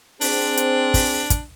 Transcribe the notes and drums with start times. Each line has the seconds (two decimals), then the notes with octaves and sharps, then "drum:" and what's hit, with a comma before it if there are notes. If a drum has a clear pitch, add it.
0.21 C4 D4 G#4, drum: open hi-hat
0.57 drum: hi-hat
0.94 drum: kick, open hi-hat
1.30 drum: kick, hi-hat